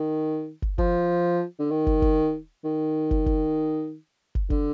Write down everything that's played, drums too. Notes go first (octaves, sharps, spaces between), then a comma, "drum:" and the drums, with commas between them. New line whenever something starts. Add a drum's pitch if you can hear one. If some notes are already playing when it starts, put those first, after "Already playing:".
Already playing: D#3
drum: kick
F3, drum: kick
D3
D#3
drum: kick
drum: kick
D#3
drum: kick
drum: kick
drum: kick
D3, drum: kick